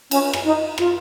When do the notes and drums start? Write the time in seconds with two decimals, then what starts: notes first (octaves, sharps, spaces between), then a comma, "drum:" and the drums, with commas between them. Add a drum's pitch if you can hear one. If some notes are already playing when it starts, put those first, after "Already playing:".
0.11 C#4, drum: cymbal
0.33 drum: rim click
0.45 D#4
0.61 D#4
0.78 F4, drum: rim click